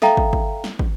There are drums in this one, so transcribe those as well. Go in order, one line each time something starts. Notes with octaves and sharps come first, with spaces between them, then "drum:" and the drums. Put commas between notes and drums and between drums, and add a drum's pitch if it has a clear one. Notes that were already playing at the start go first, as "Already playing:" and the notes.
A4 E5 F5 G5 A#5, drum: snare
drum: kick
drum: kick
drum: snare
drum: kick